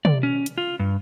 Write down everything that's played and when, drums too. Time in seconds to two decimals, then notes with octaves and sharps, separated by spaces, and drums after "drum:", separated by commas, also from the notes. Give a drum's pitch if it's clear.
0.05 D5, drum: tom
0.23 C#4
0.46 drum: hi-hat
0.58 F4
0.80 G2